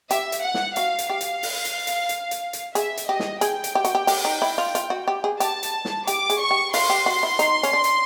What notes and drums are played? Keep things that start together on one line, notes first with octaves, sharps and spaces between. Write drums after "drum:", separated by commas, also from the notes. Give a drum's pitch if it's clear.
G4 E5, drum: hi-hat
drum: hi-hat
F#5
drum: snare
F#4 F5, drum: hi-hat
drum: hi-hat
G4 F5
drum: hi-hat
drum: open hi-hat
drum: hi-hat
drum: hi-hat
drum: hi-hat
drum: hi-hat
drum: hi-hat
G#4 E5, drum: hi-hat
drum: hi-hat
G4 D#5
drum: snare
G#4 G5, drum: hi-hat
drum: hi-hat
G4
F#4, drum: hi-hat
G4
G4, drum: open hi-hat
D#4
E4
F4
F4, drum: hi-hat
F#4
G4
G#4
G4 A5, drum: hi-hat
drum: hi-hat
drum: snare
G4 D6, drum: hi-hat
G#4, drum: hi-hat
C#6
G4
F4 C6, drum: open hi-hat
G4
F#4
E4
D#4, drum: hi-hat
C#4, drum: hi-hat
D4
drum: hi-hat